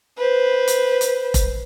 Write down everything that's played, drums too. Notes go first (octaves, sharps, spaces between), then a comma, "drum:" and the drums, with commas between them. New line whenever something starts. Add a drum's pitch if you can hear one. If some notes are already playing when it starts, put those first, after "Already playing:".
B4 C5
drum: hi-hat
drum: hi-hat
drum: kick F1, hi-hat